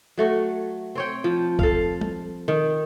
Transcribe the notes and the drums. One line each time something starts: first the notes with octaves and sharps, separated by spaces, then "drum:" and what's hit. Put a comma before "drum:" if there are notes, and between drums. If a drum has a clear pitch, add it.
F#3 A3 F#4
C4 C#5 G5
F3
A4 F5, drum: kick B1
drum: tom G3
D#3